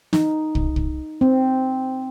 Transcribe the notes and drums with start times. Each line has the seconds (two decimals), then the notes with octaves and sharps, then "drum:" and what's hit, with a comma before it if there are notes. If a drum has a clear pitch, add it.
0.13 D#4, drum: snare
0.55 drum: kick
0.76 drum: kick
1.21 C4